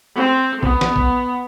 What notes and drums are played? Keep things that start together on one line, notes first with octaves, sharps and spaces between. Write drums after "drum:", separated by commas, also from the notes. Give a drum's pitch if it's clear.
C4
B3, drum: kick A#1
drum: snare
drum: kick A#1